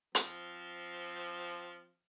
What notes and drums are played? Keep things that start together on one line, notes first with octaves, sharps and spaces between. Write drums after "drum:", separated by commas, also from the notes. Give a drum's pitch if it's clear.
F3 C4, drum: hi-hat